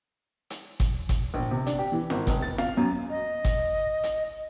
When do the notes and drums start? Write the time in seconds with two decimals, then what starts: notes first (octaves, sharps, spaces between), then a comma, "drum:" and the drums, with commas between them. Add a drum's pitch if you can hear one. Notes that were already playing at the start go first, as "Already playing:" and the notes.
0.50 drum: hi-hat
0.80 drum: kick G1, hi-hat
1.09 drum: kick G1, hi-hat
1.34 A#1
1.51 C3
1.66 D4, drum: hi-hat
1.79 G4
1.92 E3
2.10 G#1, drum: snare
2.27 F1, drum: kick G1, hi-hat
2.42 A6
2.58 F5, drum: snare
2.77 F#2
3.10 D#5
3.45 drum: kick G1, hi-hat
4.03 drum: hi-hat